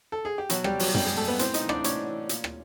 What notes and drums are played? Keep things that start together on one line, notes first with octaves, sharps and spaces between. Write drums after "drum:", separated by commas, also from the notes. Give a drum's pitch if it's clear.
A4
G#4
G4
B2 F#3 F#4, drum: hi-hat
G3 G4, drum: rim click
F#3 F#4, drum: open hi-hat
B2 G3 G4, drum: tom
G#3 G#4
A3 A4
B3 B4
A2 C4 C5, drum: hi-hat
D#4 D#5, drum: hi-hat
E3
D4 D5, drum: rim click
A2 C#4 C#5, drum: hi-hat
E3
A#2, drum: hi-hat
drum: rim click